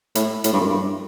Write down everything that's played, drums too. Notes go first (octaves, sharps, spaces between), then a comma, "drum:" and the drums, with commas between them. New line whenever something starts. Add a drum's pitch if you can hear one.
A2, drum: hi-hat
A2, drum: hi-hat
G2
F#2
G2